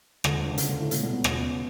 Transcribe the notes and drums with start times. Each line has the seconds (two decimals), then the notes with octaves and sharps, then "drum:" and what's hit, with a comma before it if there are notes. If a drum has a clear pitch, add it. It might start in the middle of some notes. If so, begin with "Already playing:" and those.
0.24 D2 D3, drum: rim click
0.35 D2 D3
0.46 C#2 C#3
0.58 C#2 C#3, drum: hi-hat
0.69 D2 D3
0.80 A2 A3
0.91 B2 B3, drum: hi-hat
1.03 B2 B3
1.13 B2 B3
1.24 C#3 C#4, drum: rim click
1.41 B2 B3